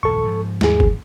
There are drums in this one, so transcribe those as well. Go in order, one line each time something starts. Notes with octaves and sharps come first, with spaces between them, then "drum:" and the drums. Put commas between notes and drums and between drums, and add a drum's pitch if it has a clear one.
D#1 A#1 F#2 A4 C#6
G#2 F3
D#2 G#4, drum: snare
drum: kick